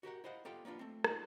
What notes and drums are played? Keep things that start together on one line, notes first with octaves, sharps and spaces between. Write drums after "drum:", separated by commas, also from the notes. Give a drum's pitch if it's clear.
F#4 G4 A#4 F#5
E4 C5 D#5 F5 F#5
B3 F4 G4 A4 F5 G5
A#3 B3 D4 F4
A3 C4
D#4 F4 G#4, drum: rim click